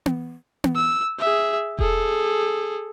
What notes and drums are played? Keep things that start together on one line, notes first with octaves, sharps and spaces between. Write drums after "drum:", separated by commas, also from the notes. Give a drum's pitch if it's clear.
drum: tom B3
drum: tom B3
E6
G#4 E5
G#4 A4, drum: kick E1